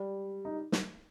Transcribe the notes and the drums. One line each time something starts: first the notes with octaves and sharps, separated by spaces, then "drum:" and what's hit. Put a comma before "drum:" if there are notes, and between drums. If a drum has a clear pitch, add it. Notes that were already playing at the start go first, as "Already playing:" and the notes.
Already playing: G3
D#4
drum: snare